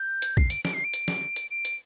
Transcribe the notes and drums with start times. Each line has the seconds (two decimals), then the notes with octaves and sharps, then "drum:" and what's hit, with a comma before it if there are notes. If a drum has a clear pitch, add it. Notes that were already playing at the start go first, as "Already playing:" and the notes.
Already playing: G6
0.22 drum: hi-hat
0.37 C7, drum: kick
0.50 D7, drum: hi-hat
0.65 D7, drum: snare
0.74 C7
0.84 D7
0.94 drum: hi-hat
1.08 drum: snare
1.36 drum: hi-hat
1.51 D7
1.65 drum: hi-hat